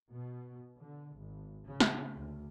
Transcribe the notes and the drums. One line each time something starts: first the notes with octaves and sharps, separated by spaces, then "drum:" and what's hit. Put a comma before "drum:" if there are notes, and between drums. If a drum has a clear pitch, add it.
B2
D3
G#1
C#3
drum: snare
D2